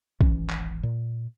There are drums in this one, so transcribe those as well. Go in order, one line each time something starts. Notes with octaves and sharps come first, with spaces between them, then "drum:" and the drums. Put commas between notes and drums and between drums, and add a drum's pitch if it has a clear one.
D1 G#1 E3 C#4, drum: kick A#1
drum: clap
A#2